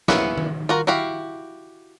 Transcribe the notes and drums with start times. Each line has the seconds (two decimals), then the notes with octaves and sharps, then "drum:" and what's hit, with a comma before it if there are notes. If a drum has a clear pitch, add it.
0.08 A#3 B3 C#4 E4 B4, drum: snare
0.38 drum: tom D#3
0.69 F4 F#4 A#4
0.87 E4 F#4 G4 F5